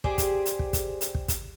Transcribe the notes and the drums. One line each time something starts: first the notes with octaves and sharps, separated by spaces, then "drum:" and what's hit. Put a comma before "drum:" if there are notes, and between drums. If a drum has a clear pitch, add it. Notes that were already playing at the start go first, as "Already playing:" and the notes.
G4 G#4 C5 D5, drum: kick
drum: kick, hi-hat
drum: hi-hat
drum: kick
drum: kick, hi-hat
drum: hi-hat
drum: kick
drum: kick, hi-hat